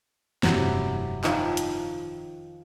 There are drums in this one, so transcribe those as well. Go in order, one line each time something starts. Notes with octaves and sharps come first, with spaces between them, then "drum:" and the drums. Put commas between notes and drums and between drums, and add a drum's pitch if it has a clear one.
F1 G2 F#3 C4 E4 G4, drum: snare
D#3 F3, drum: clap
drum: hi-hat